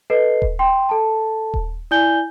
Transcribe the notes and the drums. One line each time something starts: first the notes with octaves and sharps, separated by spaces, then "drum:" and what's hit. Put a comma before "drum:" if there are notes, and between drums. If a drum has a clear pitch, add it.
A4 B4 D#5 C7
drum: kick D#1
G5 C6
A4 A5
drum: kick D#1
E4 D5 G#5 G6 G7